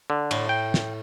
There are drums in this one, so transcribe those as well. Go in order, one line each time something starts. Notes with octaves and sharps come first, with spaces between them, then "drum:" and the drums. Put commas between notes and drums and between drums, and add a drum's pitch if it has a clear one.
D3
A2, drum: cymbal
G5
drum: snare